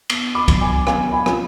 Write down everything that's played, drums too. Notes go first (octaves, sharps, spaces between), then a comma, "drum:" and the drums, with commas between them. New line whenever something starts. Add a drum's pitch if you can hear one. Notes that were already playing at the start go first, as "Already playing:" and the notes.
B3, drum: cymbal
B5 D6
F#3, drum: kick C2, cymbal
G#5 B5
B3 F5 G#5, drum: rim click
G#5 B5
F3, drum: rim click